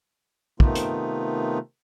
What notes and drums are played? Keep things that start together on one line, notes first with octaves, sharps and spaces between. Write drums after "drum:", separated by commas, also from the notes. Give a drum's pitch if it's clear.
C3 D#3 A3 B3 D#4 F4, drum: kick
drum: hi-hat